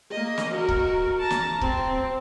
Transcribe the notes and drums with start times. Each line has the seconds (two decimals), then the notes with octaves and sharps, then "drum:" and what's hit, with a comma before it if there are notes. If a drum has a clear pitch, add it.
0.11 A#3 D#5
0.38 drum: snare
0.53 F#4 A#4
0.69 drum: kick C#1
1.19 A5 A#5
1.30 drum: snare
1.61 C4, drum: kick C#1